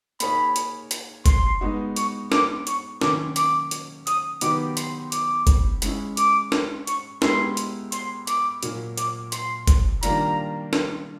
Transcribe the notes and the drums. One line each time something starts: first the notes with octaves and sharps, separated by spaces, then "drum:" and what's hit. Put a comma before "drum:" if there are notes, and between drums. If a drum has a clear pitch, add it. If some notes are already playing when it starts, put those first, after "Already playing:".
A#3 D#4 G#4 C#5 B5, drum: hi-hat
drum: hi-hat
drum: hi-hat
C6, drum: kick, hi-hat
G#3 B3 D#4 F#4
C#6, drum: hi-hat
D6, drum: snare
C#6, drum: hi-hat
D#3 F#3 A#3 C#4 D6, drum: snare
D6, drum: hi-hat
drum: hi-hat
D#6, drum: hi-hat
D#3 F#3 B3 D#4 G4 D6, drum: hi-hat
C6, drum: hi-hat
D6, drum: hi-hat
drum: kick, hi-hat
G#3 C#4 E4, drum: hi-hat
D6, drum: hi-hat
drum: snare
C#6, drum: hi-hat
G#3 B3 E4 G4 A#4 C6, drum: snare
drum: hi-hat
C6, drum: hi-hat
D6, drum: hi-hat
A#2 F#3 A#3, drum: hi-hat
D6, drum: hi-hat
C6, drum: hi-hat
drum: kick, hi-hat
D#3 G3 A#3 D4 F4 A#5, drum: hi-hat
drum: snare